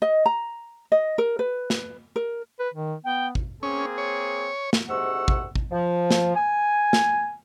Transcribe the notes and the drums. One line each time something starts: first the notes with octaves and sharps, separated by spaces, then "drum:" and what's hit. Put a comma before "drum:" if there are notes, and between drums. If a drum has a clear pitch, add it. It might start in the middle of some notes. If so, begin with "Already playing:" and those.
D#5
A#5
D#5
A#4
B4
drum: snare
A#4
B4
D#3
B3 G5
drum: kick
A#3 C4 C#4 G#4
C#5
drum: snare
D2 G#2 C3 F#5 C#6 E6
drum: kick
drum: kick
F3
drum: snare
G#5
drum: snare